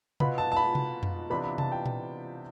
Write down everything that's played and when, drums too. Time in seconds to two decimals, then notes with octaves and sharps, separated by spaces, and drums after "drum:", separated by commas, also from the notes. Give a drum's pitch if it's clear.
0.20 B2 B3 F4 B5, drum: tom C3
0.38 A5
0.52 A5
0.56 B5
0.75 drum: tom C3
1.03 drum: tom F2
1.30 C3 E3 B3 D4 F4 B5
1.44 B5
1.58 A5, drum: tom C3
1.72 G5
1.86 drum: tom A#2